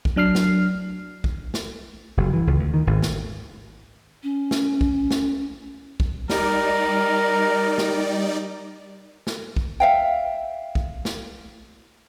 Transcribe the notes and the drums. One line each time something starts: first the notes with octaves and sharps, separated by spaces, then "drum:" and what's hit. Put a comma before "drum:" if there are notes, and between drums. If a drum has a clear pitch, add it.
drum: kick
F#3 D4 F6 C7
drum: snare
drum: kick
drum: snare
F#1
E3
C#2
D2
D#3
G#1
drum: snare
C#4
drum: snare
drum: kick
drum: snare
drum: kick
G3 D#4 A#4 D5, drum: snare
drum: snare
drum: snare
drum: kick
E5 F5 G5
drum: kick
drum: snare